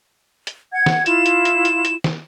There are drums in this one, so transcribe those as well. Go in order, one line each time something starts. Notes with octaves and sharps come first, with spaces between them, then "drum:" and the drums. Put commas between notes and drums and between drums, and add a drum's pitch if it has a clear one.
drum: hi-hat
F#5 G#6
drum: snare
E4 F4 E7, drum: hi-hat
drum: hi-hat
drum: hi-hat
drum: hi-hat
drum: hi-hat
drum: snare